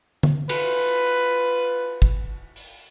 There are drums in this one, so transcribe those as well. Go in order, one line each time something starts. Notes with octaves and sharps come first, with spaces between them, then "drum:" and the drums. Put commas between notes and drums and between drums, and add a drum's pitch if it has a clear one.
drum: tom D3
F4 B4, drum: cymbal
drum: kick
drum: open hi-hat